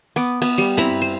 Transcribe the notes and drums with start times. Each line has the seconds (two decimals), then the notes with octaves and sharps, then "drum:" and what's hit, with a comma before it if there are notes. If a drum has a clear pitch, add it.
0.16 B3 D6
0.42 B3, drum: cymbal
0.58 G3
0.77 C4 E4 A#5 B5, drum: tom
1.01 C5